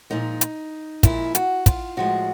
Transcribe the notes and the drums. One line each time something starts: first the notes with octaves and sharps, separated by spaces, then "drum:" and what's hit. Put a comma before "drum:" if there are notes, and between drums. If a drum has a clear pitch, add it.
A#2 F3 G#3 D#4
drum: hi-hat
A#2 F3 G#3 E4, drum: kick, hi-hat
F#4, drum: hi-hat
F4, drum: kick, hi-hat
A2 F3 G#3 F#4